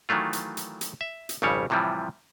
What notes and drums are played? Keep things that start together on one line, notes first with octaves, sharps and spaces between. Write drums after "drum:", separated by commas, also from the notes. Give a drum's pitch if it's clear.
D#3 E3 F#3 A3 F4
drum: hi-hat
drum: hi-hat
drum: hi-hat
E5
drum: hi-hat
G#1 F2 C#3 G3 C#5
A2 C3 E3 F3 G3